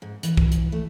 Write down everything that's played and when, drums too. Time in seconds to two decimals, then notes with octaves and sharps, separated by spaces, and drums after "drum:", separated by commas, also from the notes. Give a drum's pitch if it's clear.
0.02 G#2
0.23 E3, drum: hi-hat
0.37 drum: kick
0.52 drum: hi-hat
0.72 A3